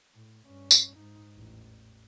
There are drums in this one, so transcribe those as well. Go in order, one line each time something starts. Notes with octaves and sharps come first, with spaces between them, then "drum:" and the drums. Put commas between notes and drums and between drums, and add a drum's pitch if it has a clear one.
A2
G2 C#4
drum: tambourine
G#2 D#4
A1 E2